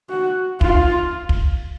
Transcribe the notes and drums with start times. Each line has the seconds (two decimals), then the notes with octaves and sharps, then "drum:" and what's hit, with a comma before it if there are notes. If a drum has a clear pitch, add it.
0.10 F#4
0.61 F4, drum: kick
1.29 drum: kick